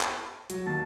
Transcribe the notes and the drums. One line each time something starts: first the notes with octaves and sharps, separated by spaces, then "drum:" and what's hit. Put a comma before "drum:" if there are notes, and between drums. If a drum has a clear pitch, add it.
drum: clap
F#3, drum: hi-hat
D#2 A5